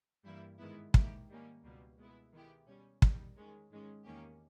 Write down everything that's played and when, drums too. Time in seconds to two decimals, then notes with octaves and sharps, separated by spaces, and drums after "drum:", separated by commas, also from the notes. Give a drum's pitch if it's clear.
0.25 G2 E3 G3 A#3 E4
0.59 G#2 D#3 G#3 B3 E4
0.94 G#2 D#3 A#3 E4 G4, drum: kick
1.29 D#3 G3 A#3 C#4
1.63 C#2 B2 G3 A#3
1.98 B2 G#3 B3 E4
2.32 D#3 G#3 B3 E4 G4
2.67 B2 G3 C#4
3.02 E2 D#3 G3, drum: kick
3.36 D#3 G#3 C#4
3.71 G#2 D#3 G#3 C#4
4.05 E2 D#3 A#3 C#4 G4